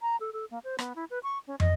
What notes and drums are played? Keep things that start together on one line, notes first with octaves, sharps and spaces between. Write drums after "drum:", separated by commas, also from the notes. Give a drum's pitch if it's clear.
A#5
A4
A4
A#3
C5
B3, drum: rim click
E4
B4
C#6
C#4
D#5, drum: tom